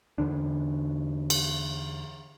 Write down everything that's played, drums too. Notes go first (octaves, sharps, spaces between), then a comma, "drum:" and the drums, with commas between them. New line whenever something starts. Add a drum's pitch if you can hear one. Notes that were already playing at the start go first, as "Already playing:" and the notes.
E2 D3 D4
drum: cymbal